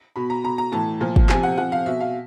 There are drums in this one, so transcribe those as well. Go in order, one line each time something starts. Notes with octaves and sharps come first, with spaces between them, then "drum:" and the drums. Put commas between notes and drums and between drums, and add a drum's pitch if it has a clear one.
B2 B5
A#5
B2 A#5
A#5
A2 E3 A5
A#2 F3
drum: kick
C3 F3 G#5, drum: clap
F#5
C3 F3 F#5
F5
B2 E5
F5